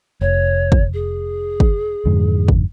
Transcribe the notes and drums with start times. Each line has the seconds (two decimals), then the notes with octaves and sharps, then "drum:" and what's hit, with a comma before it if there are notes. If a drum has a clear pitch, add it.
0.21 F1 C#5
0.72 drum: kick
0.94 G#4
1.60 drum: kick
2.05 F2 G#2 D3
2.48 drum: kick